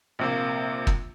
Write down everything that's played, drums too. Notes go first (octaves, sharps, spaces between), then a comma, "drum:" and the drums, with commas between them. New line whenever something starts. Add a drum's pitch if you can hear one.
A#1 C3 A#3
drum: kick